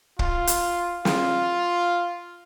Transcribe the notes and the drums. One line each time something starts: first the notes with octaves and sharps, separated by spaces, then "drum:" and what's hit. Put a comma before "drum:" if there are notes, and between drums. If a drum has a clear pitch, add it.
F4, drum: kick
drum: hi-hat
F4, drum: snare